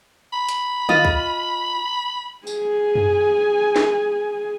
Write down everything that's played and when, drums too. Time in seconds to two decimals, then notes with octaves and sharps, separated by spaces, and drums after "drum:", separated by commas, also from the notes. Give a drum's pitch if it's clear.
0.33 B5
0.49 drum: hi-hat
0.89 F4 D#5, drum: tom D3
1.05 drum: kick
2.47 G#4 G#5, drum: tambourine
2.95 drum: tom F#2
3.76 drum: snare